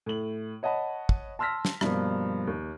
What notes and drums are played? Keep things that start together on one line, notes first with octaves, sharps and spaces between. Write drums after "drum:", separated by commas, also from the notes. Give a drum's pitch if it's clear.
A2 F#7
C#5 D#5 F#5 A5 B5
drum: kick
A5 C6 E6 F6 A#6 B6
drum: snare
G2 B2 F3 A#3, drum: rim click
D#2